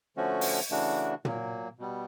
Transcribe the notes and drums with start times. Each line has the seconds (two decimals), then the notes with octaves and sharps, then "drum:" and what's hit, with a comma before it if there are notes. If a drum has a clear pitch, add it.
0.16 D3 F3 A3 C#4 F#4
0.41 drum: open hi-hat
0.70 C#3 E3 A3 D4 F#4
1.25 A#2 F#3 A#3, drum: tom
1.79 B2 G3 B3